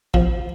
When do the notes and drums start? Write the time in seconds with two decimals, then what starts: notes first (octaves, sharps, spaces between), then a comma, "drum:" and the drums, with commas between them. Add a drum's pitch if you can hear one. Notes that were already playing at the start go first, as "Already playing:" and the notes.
0.14 F3, drum: kick